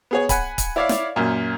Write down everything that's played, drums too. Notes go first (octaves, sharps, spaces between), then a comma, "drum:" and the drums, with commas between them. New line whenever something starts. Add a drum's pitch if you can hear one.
B3 G#4 C#5
F#5 G#5 B5, drum: kick, hi-hat
drum: kick, hi-hat
E4 C#5 D5 E5 F5
drum: snare
F#2 A#2